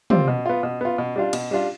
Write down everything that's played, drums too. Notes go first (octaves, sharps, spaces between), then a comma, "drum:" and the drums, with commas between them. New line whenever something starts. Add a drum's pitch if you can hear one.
G3 C4 F4, drum: tom
B2
B3 F4
B2
B3 F4
B2
G3 D4 F4
B2, drum: cymbal
G3 D4 F4